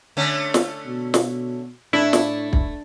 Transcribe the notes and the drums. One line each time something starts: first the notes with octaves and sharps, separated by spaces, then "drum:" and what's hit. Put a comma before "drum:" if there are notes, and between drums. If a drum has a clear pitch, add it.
D3 A3 C#4
drum: snare
B2
drum: snare
A2 A3 D4 E4
drum: snare
drum: kick